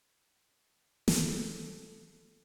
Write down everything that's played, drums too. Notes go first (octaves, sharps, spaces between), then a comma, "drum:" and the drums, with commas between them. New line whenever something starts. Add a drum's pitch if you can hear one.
A4, drum: snare